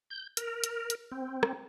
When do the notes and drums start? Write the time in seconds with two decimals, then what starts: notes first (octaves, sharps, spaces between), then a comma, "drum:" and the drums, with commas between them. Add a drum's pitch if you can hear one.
0.10 G6
0.37 A#4, drum: hi-hat
0.64 drum: hi-hat
0.90 drum: hi-hat
1.12 C4
1.43 drum: rim click